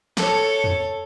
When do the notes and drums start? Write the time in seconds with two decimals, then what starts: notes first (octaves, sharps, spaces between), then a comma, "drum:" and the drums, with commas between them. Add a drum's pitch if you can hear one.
0.17 A4 C#5, drum: snare
0.64 drum: tom E2